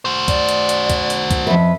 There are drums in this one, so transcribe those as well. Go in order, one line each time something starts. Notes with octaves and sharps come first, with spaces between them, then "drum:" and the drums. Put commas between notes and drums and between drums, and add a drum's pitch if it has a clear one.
F#4 C5
D5, drum: kick, hi-hat
drum: hi-hat
drum: hi-hat
drum: kick, hi-hat
drum: hi-hat
drum: kick, hi-hat
F2 B4 E5